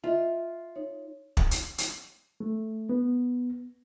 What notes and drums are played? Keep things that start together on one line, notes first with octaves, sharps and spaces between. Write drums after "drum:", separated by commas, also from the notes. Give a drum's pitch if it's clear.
F4 D#5 E5
D#4 C#5
drum: kick
drum: hi-hat
drum: hi-hat
A3
B3